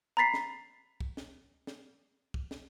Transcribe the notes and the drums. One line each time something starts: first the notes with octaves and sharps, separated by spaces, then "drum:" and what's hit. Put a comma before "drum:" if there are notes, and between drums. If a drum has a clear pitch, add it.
A#5 B5 A6 B6 C7
drum: snare
drum: kick
drum: snare
drum: snare
drum: kick
drum: snare